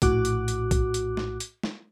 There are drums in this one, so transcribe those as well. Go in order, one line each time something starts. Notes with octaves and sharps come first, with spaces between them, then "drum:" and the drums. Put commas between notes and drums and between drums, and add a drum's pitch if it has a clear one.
A#1 A2 F#4 D6 F#6, drum: kick B1, hi-hat
drum: hi-hat
drum: hi-hat
drum: kick B1, hi-hat
drum: hi-hat
drum: snare
drum: hi-hat
drum: snare